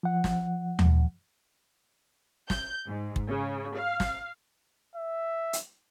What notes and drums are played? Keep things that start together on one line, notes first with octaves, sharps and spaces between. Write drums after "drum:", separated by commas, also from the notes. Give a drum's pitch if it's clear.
F3 F#5
drum: snare
drum: tom D#2
G6, drum: snare
G#2
drum: kick
C#3
F5
drum: snare
E5
drum: hi-hat